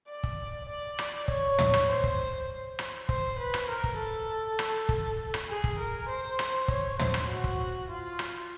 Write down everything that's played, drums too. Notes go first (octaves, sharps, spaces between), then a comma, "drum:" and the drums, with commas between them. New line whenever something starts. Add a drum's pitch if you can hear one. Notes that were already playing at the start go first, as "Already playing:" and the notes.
D5
drum: kick
D5
drum: rim click
C#5, drum: kick
drum: tom
drum: rim click
C5
drum: kick
drum: rim click
C5, drum: kick
B4
drum: rim click
A#4
drum: kick
A4
drum: rim click
drum: kick
drum: rim click
G#4
drum: kick
A#4
C5
drum: rim click
C#5, drum: kick
C5, drum: tom
drum: rim click
F#4
drum: kick
F4
drum: rim click